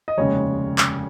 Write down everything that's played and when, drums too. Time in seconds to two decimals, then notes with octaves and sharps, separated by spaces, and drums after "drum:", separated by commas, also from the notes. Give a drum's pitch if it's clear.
0.08 D#5
0.17 F1 D#2 C#3 G#3 C#4 C#5
0.78 drum: clap